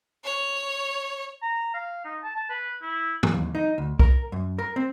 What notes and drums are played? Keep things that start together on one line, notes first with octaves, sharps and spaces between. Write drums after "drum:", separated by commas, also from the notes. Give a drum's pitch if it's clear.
C#5
A#5
F5
D#4
A5
A5
B4
E4
drum: tom
D#2
D#4
D2
A#4, drum: kick
F#2
A#4
C4